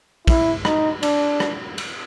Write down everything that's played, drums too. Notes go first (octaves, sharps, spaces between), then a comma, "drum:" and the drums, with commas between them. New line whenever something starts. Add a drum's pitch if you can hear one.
E4, drum: kick, cymbal
D#4, drum: rim click
D4, drum: cymbal
drum: rim click
drum: cymbal